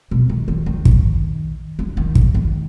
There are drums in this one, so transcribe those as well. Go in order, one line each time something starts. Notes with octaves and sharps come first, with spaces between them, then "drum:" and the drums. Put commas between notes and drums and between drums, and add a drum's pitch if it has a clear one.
B2
D#3
D#3
D#3
drum: kick
D3
D#3
drum: kick
D#3